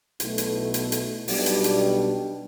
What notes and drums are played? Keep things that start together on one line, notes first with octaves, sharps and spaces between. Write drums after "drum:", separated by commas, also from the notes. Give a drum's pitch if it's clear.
B1 B2 A3 E4, drum: hi-hat
drum: hi-hat
drum: hi-hat
drum: hi-hat
B1 B2 G3 D4, drum: open hi-hat
drum: hi-hat
drum: hi-hat